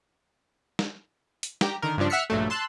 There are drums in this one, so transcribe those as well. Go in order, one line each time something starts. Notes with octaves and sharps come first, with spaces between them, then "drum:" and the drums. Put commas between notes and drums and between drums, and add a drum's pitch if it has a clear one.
drum: snare
drum: hi-hat
G4 G5 A#5, drum: snare
D3 D#3 A#4
G2 C#3 F3 D4
E5 F#5 E6 F6 B6 C#7
A#1 G2 F#3 A3
A5 C6 E6 F#6